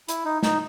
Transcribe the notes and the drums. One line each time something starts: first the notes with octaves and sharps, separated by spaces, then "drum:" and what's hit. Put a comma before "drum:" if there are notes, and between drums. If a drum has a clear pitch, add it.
E4, drum: hi-hat
D#4
D#4, drum: snare